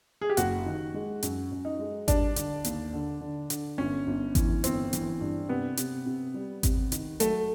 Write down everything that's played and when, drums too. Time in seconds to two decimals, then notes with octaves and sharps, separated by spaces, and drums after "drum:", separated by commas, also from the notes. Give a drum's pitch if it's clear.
0.21 G#4
0.30 G4
0.37 F#1 F#4, drum: hi-hat
0.66 D#3
0.94 G#3
1.23 F#2, drum: hi-hat
1.51 F#2
1.65 D#4
1.79 G#3
2.08 G3 D4, drum: kick G#1, hi-hat
2.36 D3, drum: hi-hat
2.64 D#2, drum: hi-hat
2.94 D3
3.21 D3
3.50 D3, drum: hi-hat
3.78 G1 C#4
4.07 G1
4.35 E3, drum: kick G#1, hi-hat
4.64 G1 C4, drum: hi-hat
4.93 E3, drum: hi-hat
5.21 G2
5.49 C3 B3
5.77 C3, drum: hi-hat
6.06 C3
6.34 G3
6.63 C3, drum: kick G#1, hi-hat
6.92 D#3, drum: hi-hat
7.20 F#3 A3, drum: hi-hat